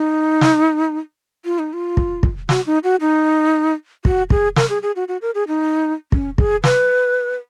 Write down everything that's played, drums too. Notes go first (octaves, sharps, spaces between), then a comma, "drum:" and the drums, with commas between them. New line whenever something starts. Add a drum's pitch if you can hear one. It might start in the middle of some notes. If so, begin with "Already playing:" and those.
Already playing: D#4
drum: snare
F4
D#4
F4
drum: kick
drum: kick
F#4, drum: snare
D#4
F#4
D#4
F#4, drum: kick
G#4, drum: kick
A#4, drum: snare
G#4
G#4
F#4
F#4
A#4
G#4
D#4
C#4, drum: kick
G#4, drum: kick
B4, drum: snare